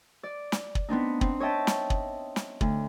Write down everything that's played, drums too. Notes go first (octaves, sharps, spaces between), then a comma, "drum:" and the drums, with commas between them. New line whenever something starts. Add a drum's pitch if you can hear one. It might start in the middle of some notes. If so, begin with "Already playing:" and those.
D5
drum: snare
drum: kick
B3 C4 D4 D#4
C4, drum: kick
C#5 D#5 E5 G5 A5
drum: snare
drum: kick
drum: snare
D2, drum: kick